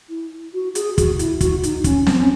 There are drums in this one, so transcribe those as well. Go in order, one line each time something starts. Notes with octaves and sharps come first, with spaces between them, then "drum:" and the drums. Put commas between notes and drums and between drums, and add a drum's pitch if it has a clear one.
E4
F#4
G#4, drum: hi-hat
F#4, drum: kick, hi-hat
F#4
E4, drum: hi-hat
F#4, drum: kick, hi-hat
D#4, drum: hi-hat
C#4, drum: kick, hi-hat
C4, drum: snare
C#4